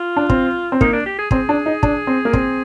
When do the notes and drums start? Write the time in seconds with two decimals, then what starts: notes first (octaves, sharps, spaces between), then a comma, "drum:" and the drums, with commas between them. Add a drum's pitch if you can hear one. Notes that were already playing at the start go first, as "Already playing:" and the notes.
Already playing: F4
0.16 D4
0.29 C4, drum: kick
0.72 C4
0.81 A#3 D#4, drum: kick
0.93 D4
1.06 G4
1.18 G#4
1.31 C4 G#4, drum: kick
1.49 D4
1.66 D#4
1.83 D4, drum: kick
2.07 C4
2.25 A#3
2.33 C4, drum: kick